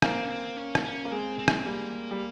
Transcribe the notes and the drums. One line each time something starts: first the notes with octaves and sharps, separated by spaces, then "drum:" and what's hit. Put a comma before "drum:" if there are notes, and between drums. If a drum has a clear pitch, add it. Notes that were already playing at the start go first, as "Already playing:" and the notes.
A#3 C4, drum: rim click
C#4
C4
C#4
drum: rim click
C#4
A#3
G#3 C4
C4
drum: rim click
G3 A#3
G3